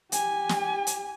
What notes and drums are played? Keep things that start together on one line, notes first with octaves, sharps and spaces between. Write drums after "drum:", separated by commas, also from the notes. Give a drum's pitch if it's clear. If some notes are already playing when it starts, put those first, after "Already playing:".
G4 G#5, drum: hi-hat
drum: snare
drum: hi-hat